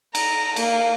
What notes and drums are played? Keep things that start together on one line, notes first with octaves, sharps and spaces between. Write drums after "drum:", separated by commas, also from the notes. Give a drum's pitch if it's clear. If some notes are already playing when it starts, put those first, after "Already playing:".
A#5, drum: cymbal
A#3, drum: cymbal